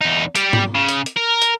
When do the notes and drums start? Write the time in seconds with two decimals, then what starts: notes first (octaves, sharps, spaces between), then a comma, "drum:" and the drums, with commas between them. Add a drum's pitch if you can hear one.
0.01 E2 D#4
0.35 G3 G4, drum: hi-hat
0.53 drum: tom G#2
0.75 C#3
0.89 drum: hi-hat
1.06 drum: hi-hat
1.17 A#4
1.42 drum: hi-hat